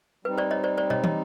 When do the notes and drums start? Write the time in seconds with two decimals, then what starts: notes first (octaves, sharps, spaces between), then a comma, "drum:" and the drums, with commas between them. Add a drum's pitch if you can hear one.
0.25 G3 C4 D#4 B4
0.38 C5 D5
0.51 C#5 D#5
0.64 C5 D5
0.77 C5 D5
0.90 C#5 D#5, drum: tom
1.04 C#5 D#5, drum: tom